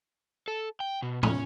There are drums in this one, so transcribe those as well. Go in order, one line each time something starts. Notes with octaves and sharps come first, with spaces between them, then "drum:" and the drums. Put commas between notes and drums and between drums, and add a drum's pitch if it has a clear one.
A4
G5
B2
C#4, drum: tom